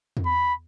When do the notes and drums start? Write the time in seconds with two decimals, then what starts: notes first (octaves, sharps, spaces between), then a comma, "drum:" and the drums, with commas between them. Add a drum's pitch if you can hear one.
0.17 drum: tom E2
0.26 B5